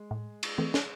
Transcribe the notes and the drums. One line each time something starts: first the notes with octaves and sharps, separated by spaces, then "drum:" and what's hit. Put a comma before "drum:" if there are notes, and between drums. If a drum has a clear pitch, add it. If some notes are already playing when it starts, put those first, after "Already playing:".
Already playing: G#3
A2
drum: cymbal
E3 A3 C4
drum: snare